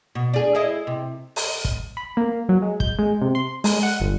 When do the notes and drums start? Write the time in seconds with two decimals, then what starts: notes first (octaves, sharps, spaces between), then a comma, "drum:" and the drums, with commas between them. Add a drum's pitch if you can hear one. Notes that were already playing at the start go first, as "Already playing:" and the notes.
0.15 B2
0.34 D4 G#4
0.55 E4 G#4 D#5
0.87 C3
1.36 drum: open hi-hat
1.65 drum: kick
1.97 B5
2.17 A#3
2.49 F#3
2.62 G#3
2.80 G6, drum: kick
2.99 G#3
3.22 C3
3.35 C6
3.64 G#3, drum: open hi-hat
3.83 F#5
4.00 G1